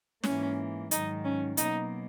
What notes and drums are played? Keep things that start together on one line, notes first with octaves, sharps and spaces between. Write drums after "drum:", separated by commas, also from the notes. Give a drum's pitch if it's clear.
G#2 E3 A#3 C#4, drum: snare
G#2 D#3 F#3 D#4, drum: hi-hat
C#4
B2 F#3 A#3 D#4, drum: hi-hat